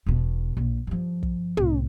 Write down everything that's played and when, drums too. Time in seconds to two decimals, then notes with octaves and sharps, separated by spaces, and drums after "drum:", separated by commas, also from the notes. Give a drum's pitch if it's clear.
0.06 E1 B2
0.57 A#1
0.87 G2 F3
1.23 drum: kick
1.57 C2 A2, drum: tom